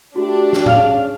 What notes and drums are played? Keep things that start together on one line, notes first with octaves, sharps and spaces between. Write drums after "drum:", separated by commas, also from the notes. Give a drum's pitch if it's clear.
A3 D4 F#4 G4
drum: snare
C#4 G#4 F5 F6 F7, drum: tom A2